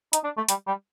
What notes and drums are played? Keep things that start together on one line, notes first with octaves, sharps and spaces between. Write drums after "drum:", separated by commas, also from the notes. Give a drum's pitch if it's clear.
D#4, drum: hi-hat
D4
A3
G3, drum: hi-hat
G3